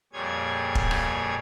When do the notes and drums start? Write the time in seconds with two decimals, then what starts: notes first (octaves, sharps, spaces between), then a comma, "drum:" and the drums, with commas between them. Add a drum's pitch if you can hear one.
0.13 F2 A#2 G3 G#4 C#5 G#6
0.75 drum: kick
0.91 drum: rim click